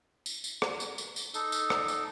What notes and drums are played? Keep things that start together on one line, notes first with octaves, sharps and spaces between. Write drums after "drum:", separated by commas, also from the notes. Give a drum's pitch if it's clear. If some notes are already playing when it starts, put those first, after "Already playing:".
drum: tambourine
drum: tambourine
drum: rim click
drum: tambourine
drum: tambourine
drum: tambourine
D#4 A4, drum: tambourine
drum: tambourine
drum: rim click
drum: tambourine